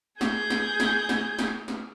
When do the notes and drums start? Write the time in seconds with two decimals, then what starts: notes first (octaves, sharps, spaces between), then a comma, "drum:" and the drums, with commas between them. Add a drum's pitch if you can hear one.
0.21 G#4 G6, drum: snare
0.50 drum: snare
0.80 drum: snare
1.09 drum: snare
1.39 drum: snare
1.68 drum: snare